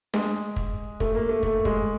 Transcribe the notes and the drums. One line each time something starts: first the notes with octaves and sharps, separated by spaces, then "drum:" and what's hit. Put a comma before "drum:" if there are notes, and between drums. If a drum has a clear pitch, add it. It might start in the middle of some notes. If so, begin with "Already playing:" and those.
G#3, drum: snare D4
drum: kick
A3, drum: kick
A#3
A3
A3, drum: kick
G#3, drum: kick